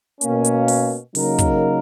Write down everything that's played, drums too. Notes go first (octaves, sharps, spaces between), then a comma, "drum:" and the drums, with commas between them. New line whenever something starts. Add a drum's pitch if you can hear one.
B2 A#3 C#4, drum: hi-hat
drum: hi-hat
drum: open hi-hat
C#3 F#3 A#3 D#4 A#4, drum: open hi-hat
drum: kick, hi-hat